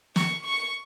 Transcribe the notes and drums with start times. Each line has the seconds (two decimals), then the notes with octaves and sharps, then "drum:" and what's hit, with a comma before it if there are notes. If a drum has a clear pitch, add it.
0.16 C#6, drum: snare
0.45 C#6